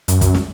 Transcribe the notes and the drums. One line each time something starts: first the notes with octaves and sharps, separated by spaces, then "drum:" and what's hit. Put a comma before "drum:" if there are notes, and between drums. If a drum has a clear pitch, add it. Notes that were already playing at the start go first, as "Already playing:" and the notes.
F#2, drum: hi-hat
drum: kick, hi-hat
drum: snare